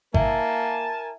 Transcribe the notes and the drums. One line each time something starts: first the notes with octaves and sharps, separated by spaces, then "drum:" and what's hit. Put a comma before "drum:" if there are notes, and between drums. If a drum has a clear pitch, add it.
A#3 A#4 E5 G#5 A5, drum: kick G#1